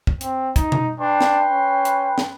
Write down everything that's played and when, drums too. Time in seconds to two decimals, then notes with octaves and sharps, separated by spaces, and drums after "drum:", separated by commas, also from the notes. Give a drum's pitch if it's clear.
0.07 drum: kick
0.21 C4, drum: hi-hat
0.56 D#4, drum: kick, hi-hat
0.72 drum: tom B2
1.00 D4 B4 G5 C6
1.21 drum: snare
1.49 C#4
1.85 drum: hi-hat
2.18 drum: snare